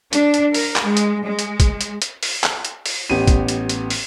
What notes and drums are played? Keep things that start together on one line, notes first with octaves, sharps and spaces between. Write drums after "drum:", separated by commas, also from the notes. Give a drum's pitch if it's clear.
D4, drum: hi-hat
drum: hi-hat
A#4, drum: open hi-hat
drum: clap
G#3
drum: hi-hat
G#3
drum: hi-hat
drum: kick, hi-hat
drum: hi-hat
drum: hi-hat
drum: open hi-hat
drum: clap
drum: hi-hat
drum: open hi-hat
A1 B3 G4 D#7
drum: kick, hi-hat
drum: hi-hat
drum: hi-hat
drum: open hi-hat